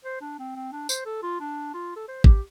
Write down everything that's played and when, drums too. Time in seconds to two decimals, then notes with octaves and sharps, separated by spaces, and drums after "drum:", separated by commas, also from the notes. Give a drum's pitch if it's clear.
0.05 C5
0.21 D4
0.39 C4
0.56 C4
0.72 D4
0.89 C5, drum: tambourine
1.06 A4
1.23 F4
1.40 D4
1.74 F4
1.96 A4
2.08 C5
2.24 G4, drum: kick